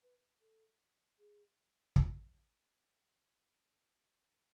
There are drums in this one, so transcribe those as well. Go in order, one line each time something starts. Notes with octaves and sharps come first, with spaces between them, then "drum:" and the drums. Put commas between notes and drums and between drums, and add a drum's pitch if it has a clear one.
B4
A4
G#4
F4, drum: kick